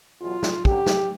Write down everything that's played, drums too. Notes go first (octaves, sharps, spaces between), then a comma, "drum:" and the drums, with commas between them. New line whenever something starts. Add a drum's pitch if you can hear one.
E2 B2 F#3 F4
drum: snare
F#2 D3 F#3 G4, drum: kick
drum: snare